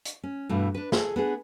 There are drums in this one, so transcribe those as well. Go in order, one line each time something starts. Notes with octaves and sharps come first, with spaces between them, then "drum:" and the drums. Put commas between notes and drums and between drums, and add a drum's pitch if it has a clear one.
drum: hi-hat
C#4
G2 B2 E3 A3
D4 B4
G#4 A4, drum: snare
B3 D4 G#4